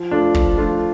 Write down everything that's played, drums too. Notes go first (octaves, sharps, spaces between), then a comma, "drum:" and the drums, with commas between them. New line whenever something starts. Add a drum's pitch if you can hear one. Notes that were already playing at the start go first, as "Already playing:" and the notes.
Already playing: F3
A3 D4 F4
F3, drum: kick
A3 D4 F4